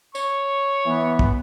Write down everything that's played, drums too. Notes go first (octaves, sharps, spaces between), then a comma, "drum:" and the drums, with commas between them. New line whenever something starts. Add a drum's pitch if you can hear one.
C#5 C#6, drum: tambourine
E3 B3
drum: kick